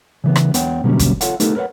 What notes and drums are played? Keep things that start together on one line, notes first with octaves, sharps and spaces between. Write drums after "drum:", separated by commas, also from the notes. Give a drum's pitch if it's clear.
C#3 E3 B3
drum: rim click
E2 B3 C#5 F#5 G5, drum: hi-hat
B2 D3 F#3 G3 A#3 C#4
drum: kick, hi-hat
F4 A4 C#5 F5 F#5, drum: hi-hat
A3 B3 D#4 G4 A4 A#4, drum: hi-hat
A#4 B4 C#5 D#5 F#5